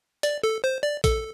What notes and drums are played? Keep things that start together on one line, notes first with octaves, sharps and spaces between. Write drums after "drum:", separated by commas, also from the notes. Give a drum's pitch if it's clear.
D5, drum: hi-hat
A4
C5
D5
A4, drum: kick, hi-hat